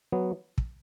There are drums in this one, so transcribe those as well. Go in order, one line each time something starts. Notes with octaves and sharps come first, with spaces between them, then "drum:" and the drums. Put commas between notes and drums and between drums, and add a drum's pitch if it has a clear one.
F#3 B3
drum: kick